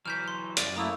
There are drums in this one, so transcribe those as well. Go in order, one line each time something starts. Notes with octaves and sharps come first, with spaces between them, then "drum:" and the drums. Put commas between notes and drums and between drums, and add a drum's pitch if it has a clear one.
E3 F#3 F6 G6 B6
C6
C#2 F#2 D5, drum: hi-hat
A3 A#3 E4 A#5 D#6 E6